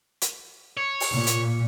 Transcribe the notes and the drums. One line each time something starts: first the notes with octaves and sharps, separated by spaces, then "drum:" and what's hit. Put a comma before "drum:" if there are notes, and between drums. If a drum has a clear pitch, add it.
drum: hi-hat
C#5
drum: open hi-hat
A#2
drum: hi-hat